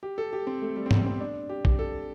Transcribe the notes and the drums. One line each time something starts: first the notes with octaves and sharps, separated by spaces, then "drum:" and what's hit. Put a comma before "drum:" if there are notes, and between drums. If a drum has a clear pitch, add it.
G4
A4
G4
C4
A3
G3
C4
B3, drum: tom
C4
D4
G4
G4, drum: kick
A4